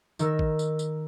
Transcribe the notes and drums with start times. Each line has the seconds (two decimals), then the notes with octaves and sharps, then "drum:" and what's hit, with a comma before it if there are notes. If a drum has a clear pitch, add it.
0.19 D#3 A#4 E6, drum: tambourine
0.39 drum: kick A1
0.59 drum: tambourine
0.79 drum: tambourine